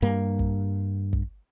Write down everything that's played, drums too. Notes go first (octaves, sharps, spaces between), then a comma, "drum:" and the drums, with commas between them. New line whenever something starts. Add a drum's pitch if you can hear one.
G2 A#3
drum: kick
drum: kick